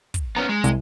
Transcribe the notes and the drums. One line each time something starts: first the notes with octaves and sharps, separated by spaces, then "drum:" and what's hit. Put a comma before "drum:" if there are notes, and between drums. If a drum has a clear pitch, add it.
drum: kick, hi-hat
B3 C#4 A#5
G#3
C2, drum: hi-hat